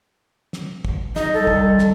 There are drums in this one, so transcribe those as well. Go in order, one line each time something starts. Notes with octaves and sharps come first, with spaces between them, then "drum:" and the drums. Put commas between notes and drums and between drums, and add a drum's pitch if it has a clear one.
drum: snare
drum: kick
D#4 D#5, drum: snare
C2 A4
drum: kick
drum: snare